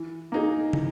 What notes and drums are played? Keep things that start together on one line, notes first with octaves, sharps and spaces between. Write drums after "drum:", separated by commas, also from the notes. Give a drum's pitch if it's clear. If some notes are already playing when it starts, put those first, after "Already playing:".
Already playing: E3
A#3 D#4 G#4
E3, drum: tom